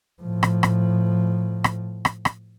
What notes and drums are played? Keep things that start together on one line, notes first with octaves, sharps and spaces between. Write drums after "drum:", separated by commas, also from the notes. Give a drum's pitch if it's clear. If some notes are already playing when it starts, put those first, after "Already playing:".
A2 F3
drum: rim click
drum: rim click
drum: rim click
drum: rim click
drum: rim click